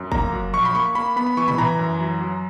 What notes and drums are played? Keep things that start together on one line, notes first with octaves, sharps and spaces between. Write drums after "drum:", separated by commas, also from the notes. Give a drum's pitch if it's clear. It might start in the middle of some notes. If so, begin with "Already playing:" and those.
Already playing: F#2
A#3 A#5, drum: kick
F#3
A#1 C#6
B5
A#3 C#6
A#3 B5
B3 B5
B5
E3 C#6
B5, drum: tom
E3 A#5
F#2
F#3
F#3